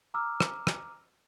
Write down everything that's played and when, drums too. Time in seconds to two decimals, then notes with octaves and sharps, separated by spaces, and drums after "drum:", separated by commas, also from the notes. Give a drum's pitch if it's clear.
0.14 A#5 D6 E6 F6
0.40 drum: rim click
0.67 drum: rim click